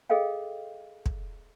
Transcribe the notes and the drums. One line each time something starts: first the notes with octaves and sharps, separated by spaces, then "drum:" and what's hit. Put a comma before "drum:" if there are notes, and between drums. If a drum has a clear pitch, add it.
G#4 A4 D#5 F5 G5
drum: kick